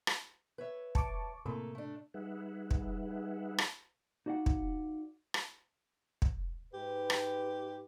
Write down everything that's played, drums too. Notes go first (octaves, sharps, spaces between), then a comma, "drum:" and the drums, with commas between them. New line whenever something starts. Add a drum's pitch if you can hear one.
drum: rim click
B4 C#5 E5
A5 C#6 D6, drum: kick
A2 C3 A3 A#3 A4
A3 D4
G3 D#4 G#4 B4 E5 F#5
drum: kick
drum: rim click
D#4 F#4 D5 F5 F#5
drum: kick
drum: rim click
drum: kick
G#2 G4 B4
drum: rim click